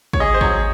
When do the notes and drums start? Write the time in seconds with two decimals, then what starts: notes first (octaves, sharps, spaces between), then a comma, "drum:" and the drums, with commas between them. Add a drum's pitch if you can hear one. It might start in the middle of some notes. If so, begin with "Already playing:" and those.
0.13 C#5, drum: kick
0.20 G#4 D#5
0.34 C5
0.41 F#3 C#5, drum: kick